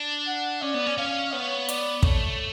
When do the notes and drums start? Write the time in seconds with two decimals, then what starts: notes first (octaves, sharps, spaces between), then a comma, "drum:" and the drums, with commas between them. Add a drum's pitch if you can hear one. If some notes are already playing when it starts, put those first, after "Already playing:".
Already playing: D4
0.27 F#5
0.62 C#4 D5
0.74 B3
0.86 C#4
0.98 C#4 F5
1.32 B3 C#5
1.69 D5, drum: hi-hat
2.03 A3 C#5, drum: kick